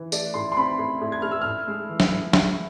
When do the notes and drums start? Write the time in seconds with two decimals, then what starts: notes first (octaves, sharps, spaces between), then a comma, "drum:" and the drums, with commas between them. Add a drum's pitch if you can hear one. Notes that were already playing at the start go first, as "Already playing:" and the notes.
Already playing: E3
0.12 A3 D5, drum: tambourine
0.34 A2 C6
0.52 C6
0.57 C4 B5
0.79 A2
1.01 A2
1.12 G#6
1.22 A3 F6
1.31 E6
1.42 A2 F6
1.68 G#3
1.89 E3
2.00 drum: snare
2.11 A2
2.33 G#3, drum: snare